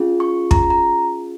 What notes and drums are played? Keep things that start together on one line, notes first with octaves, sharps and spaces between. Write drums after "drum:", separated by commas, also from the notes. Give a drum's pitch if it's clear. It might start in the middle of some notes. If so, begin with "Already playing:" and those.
Already playing: C#4 F4 G#4
C#6
A#5, drum: kick
A#5